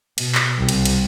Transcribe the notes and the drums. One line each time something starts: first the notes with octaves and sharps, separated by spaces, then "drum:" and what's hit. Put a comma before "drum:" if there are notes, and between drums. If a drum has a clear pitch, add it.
B2, drum: cymbal
drum: clap
C2
drum: cymbal
drum: cymbal